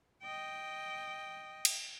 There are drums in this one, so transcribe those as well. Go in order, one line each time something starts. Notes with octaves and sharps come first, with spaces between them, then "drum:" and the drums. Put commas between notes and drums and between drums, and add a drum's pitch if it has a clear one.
D#5 G5
drum: cymbal